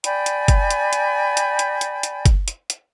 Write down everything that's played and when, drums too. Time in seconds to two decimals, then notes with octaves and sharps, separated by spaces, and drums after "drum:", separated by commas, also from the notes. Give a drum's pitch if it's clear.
0.04 D5 G5 G#5 B5, drum: hi-hat
0.26 drum: hi-hat
0.48 drum: kick F#1, hi-hat
0.70 drum: hi-hat
0.93 drum: hi-hat
1.37 drum: hi-hat
1.59 drum: hi-hat
1.81 drum: hi-hat
2.03 drum: hi-hat
2.26 drum: kick F#1, hi-hat
2.48 drum: hi-hat
2.70 drum: hi-hat